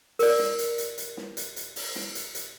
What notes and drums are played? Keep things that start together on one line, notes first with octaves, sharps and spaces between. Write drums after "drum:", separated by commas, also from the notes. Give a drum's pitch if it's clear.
A#4 D5, drum: open hi-hat
drum: snare
drum: hi-hat
drum: hi-hat
drum: hi-hat
drum: snare
drum: hi-hat
drum: hi-hat
drum: open hi-hat
drum: snare
drum: hi-hat
drum: hi-hat